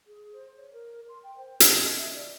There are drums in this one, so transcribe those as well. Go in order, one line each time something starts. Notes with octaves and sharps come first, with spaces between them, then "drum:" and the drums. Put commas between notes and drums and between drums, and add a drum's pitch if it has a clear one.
G#4
C5
C#5
A#4
C6
G5
C5
D#5, drum: hi-hat
E5
D5